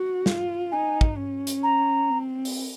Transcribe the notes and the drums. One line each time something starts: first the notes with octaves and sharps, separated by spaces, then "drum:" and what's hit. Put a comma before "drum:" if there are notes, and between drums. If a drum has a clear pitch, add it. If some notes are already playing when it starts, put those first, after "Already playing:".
Already playing: F#4
F4, drum: snare
D#4 G#5
drum: kick
C#4
drum: hi-hat
A#5
C4
drum: open hi-hat